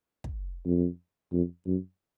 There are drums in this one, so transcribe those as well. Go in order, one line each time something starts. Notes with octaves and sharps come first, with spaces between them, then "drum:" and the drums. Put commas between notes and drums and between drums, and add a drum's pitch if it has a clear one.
drum: kick
F2
F2
F#2